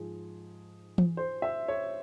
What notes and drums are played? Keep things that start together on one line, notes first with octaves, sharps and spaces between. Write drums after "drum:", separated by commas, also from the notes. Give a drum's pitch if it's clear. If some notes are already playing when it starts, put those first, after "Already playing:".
Already playing: G#2 F3 G#4
drum: tom E3
C5
E5
C#5